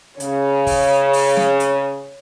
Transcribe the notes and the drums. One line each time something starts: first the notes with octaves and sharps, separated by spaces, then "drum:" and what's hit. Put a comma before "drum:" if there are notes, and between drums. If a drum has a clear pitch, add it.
C#3 C#5, drum: hi-hat
drum: kick, open hi-hat
drum: open hi-hat
drum: snare
drum: hi-hat